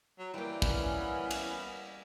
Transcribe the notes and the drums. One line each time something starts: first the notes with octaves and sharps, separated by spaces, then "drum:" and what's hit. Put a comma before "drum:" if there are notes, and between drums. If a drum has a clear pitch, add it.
F#3
E3 G3 A#3 G5
B3 C#4 B5, drum: kick
drum: cymbal